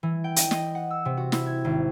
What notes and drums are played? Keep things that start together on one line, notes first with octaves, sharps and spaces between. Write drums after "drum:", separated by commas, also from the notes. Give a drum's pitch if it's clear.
E3
G5
D#5, drum: hi-hat
D#5, drum: snare
F#5
E6
C3
F#4
E4, drum: snare
G#6
G#1